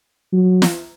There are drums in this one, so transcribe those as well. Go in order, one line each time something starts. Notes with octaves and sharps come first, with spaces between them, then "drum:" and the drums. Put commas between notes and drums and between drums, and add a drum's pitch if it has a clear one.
F#3
drum: snare